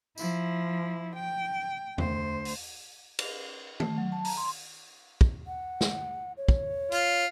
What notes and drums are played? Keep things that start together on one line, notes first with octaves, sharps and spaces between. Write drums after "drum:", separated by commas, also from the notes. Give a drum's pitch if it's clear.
F3 E4, drum: tambourine
G5
D2 C5, drum: tom E2
drum: open hi-hat
drum: cymbal
A3, drum: tom D#3
F#3
A5
A#5, drum: open hi-hat
C6
drum: kick
F#5
drum: snare
C#5
drum: kick
F4, drum: hi-hat